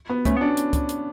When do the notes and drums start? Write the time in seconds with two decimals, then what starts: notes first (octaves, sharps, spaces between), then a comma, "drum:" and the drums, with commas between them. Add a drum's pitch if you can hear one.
0.09 B3
0.25 A3 C#4, drum: kick, hi-hat
0.37 B3 D4
0.57 drum: hi-hat
0.73 drum: kick, hi-hat
0.89 drum: hi-hat